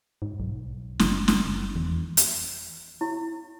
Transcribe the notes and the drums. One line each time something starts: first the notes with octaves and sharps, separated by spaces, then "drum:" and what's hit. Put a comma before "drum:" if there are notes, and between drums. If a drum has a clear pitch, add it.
G#2
B1
F#1 F3 D4, drum: snare
drum: snare
F#1
E2 E3
drum: hi-hat
E4